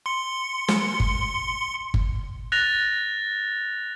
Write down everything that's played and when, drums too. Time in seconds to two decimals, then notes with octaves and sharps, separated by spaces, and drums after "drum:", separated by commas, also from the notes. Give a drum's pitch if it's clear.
0.06 C6 C#7
0.68 drum: snare
1.00 drum: kick G1
1.94 drum: kick G1
2.52 F#6 A6 A#6 F7